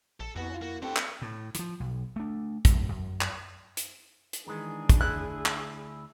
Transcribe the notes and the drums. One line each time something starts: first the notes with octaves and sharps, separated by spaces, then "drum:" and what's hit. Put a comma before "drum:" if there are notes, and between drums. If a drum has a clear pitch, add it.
A#1 A4
F2 C3 B3 E4 F#4
C#4 F4
A#3 F#4
C4 D4 G4 A4 C5 F#5 G5
drum: clap
A2
E3 F3, drum: hi-hat
B1
A3 D4
F#2 A2, drum: kick, hi-hat
F#2
drum: clap
drum: hi-hat
drum: hi-hat
D#3 E3 G#3 D4 G#4
drum: kick, hi-hat
D2 E4 F#6
drum: clap